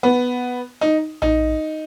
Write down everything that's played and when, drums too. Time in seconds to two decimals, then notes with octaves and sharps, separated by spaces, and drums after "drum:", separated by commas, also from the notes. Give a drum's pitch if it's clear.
0.03 B3
0.81 D#4
1.22 D#4, drum: tom A#1